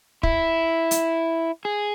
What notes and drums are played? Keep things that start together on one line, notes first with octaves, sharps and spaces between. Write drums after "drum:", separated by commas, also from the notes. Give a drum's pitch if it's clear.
E4, drum: kick
drum: hi-hat
G#4